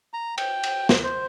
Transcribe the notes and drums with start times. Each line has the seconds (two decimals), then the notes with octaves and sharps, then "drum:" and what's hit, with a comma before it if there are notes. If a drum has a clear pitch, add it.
0.13 A#5
0.38 G5, drum: cymbal
0.63 drum: cymbal
0.89 drum: snare
1.04 C5